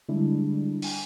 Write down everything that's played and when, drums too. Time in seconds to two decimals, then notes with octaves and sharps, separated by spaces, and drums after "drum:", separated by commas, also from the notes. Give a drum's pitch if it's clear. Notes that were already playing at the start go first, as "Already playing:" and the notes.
0.08 D3 G3 G#3 D4 E4
0.82 G5 G#5 D#7, drum: open hi-hat